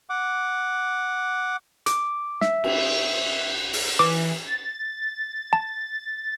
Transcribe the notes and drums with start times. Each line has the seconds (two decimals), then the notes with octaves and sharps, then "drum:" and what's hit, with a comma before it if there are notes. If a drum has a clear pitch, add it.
0.10 F#5 D6
1.86 D6, drum: hi-hat
2.41 E5, drum: snare
2.64 drum: cymbal
3.73 drum: open hi-hat
3.99 E3 D6
4.47 A6
5.53 A5